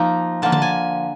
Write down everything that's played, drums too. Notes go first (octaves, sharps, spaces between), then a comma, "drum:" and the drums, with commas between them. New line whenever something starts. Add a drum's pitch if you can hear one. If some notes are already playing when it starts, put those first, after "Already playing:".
Already playing: F3 A#3 D#4 A#5
D3 F3 A#3 A5
A5, drum: tom D3
G#5